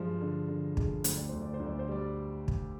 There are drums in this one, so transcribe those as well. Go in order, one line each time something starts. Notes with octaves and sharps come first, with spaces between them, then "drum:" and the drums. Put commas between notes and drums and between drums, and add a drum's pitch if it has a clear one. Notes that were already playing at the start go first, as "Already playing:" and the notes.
Already playing: G2 F3 G#3
D3
D3
G#3, drum: kick
D2 C5, drum: hi-hat
D5
D2 C5
D5
C5
D2
D5
C5
G3 D5
drum: kick